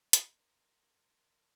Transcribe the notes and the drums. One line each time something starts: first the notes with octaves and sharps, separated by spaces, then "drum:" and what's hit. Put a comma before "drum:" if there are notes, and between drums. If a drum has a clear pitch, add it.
A#4 D5 A5 A#5 C6 G#6, drum: hi-hat